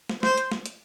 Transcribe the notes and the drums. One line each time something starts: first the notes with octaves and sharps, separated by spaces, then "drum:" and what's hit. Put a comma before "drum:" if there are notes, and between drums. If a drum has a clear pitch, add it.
drum: snare
C5, drum: snare
drum: hi-hat
drum: snare
drum: hi-hat